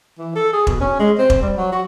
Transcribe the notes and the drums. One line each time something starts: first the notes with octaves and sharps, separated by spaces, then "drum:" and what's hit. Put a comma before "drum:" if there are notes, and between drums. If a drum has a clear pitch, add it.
E3
A4
G#4
B2, drum: kick E1
C#4
G#3
C4
drum: kick E1
G3
F#3
F#4